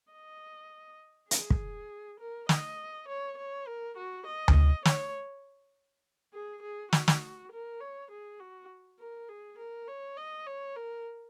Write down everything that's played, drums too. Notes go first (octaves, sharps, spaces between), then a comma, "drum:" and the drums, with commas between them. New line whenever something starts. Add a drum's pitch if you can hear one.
D#5
G#4, drum: hi-hat
drum: kick
A#4
D#5, drum: snare
C#5
C#5
A#4
F#4
D#5
drum: tom D2
C#5, drum: snare
G#4
G#4
F#4, drum: snare
drum: snare
A#4
C#5
G#4
F#4
A#4
G#4
A#4
C#5
D#5
C#5
A#4